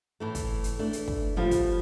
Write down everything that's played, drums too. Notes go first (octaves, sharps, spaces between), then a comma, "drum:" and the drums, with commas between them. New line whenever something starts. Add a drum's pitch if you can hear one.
A2 E3 A3
drum: kick, hi-hat
drum: hi-hat
E3 A3 D4
drum: hi-hat
drum: kick
A2 F3 G3 B3 F4
drum: kick, hi-hat